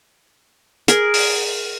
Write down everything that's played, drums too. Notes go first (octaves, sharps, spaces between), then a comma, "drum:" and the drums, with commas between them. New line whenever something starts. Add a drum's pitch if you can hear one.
G#4 A#4, drum: hi-hat
drum: open hi-hat